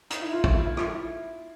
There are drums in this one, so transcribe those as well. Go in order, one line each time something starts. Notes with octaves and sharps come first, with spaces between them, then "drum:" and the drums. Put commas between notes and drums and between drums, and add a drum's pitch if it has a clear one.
D#4, drum: hi-hat
E4
F4
drum: kick
E4
E4
F4, drum: rim click
E4